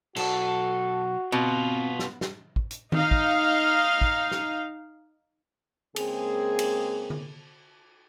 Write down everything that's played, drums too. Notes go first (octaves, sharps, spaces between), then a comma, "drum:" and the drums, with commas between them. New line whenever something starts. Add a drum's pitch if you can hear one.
B1 F#4 A4 A5, drum: cymbal
B2 B3 C4 F4
drum: snare
drum: snare
drum: kick
drum: hi-hat
D#4 F5, drum: tom D#3
drum: kick
drum: kick
drum: snare
C#3 G#3 A#3 C4 G#4, drum: cymbal
drum: cymbal
drum: tom D3